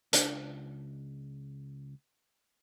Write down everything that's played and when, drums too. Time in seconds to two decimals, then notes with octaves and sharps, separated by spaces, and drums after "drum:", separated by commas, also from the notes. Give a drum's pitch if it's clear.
0.13 C#2 D4, drum: hi-hat